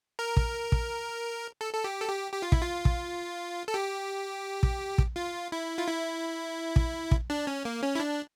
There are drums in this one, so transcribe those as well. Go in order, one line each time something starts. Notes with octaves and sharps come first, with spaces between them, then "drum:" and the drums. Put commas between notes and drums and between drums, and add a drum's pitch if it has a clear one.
A#4
drum: kick
drum: kick
A4
A4
G4
A4
G4
G4
F4
E4, drum: kick
F4
drum: kick
A4
G4
drum: kick
drum: kick
F4
E4
F4
E4
drum: kick
drum: kick
D4
C#4
A#3
C#4
E4
D4